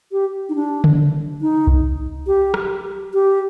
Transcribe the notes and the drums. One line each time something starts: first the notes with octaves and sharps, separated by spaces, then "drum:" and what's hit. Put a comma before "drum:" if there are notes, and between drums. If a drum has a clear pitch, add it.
G4
D#4
D4
drum: tom C#3
D#4
drum: kick C2
G4
drum: rim click
G4